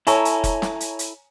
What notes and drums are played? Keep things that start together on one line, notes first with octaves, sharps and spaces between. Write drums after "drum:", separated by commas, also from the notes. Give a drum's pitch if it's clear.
E4 A4 C#5 G#5 A#5, drum: hi-hat
drum: hi-hat
drum: kick F1, hi-hat
drum: snare
drum: hi-hat
drum: hi-hat